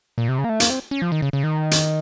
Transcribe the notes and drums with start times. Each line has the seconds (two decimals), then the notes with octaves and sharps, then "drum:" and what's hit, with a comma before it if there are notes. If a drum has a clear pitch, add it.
0.18 A#2
0.29 C3
0.38 C#3
0.44 A#3
0.49 A3
0.60 A#3, drum: hi-hat
0.70 C4
0.91 C#4
1.02 F3
1.12 D#3
1.22 C#3
1.33 C#3
1.44 D#3
1.71 drum: hi-hat